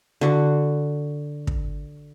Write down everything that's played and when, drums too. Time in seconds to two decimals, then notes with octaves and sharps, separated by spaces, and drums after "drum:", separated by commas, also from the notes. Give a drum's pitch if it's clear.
0.21 D3 F#4
1.47 drum: kick